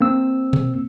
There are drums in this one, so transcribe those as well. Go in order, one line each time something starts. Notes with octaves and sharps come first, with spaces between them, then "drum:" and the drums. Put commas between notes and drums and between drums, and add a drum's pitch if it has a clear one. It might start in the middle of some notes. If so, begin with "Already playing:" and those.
A#3 C4 E6
drum: tom B2